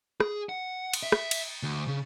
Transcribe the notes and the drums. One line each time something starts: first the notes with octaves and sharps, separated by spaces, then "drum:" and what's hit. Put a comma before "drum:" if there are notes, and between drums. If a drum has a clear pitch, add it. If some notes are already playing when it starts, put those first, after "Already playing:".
G#4, drum: rim click
F#5
drum: cymbal
E5
drum: rim click
drum: cymbal
D2
C#3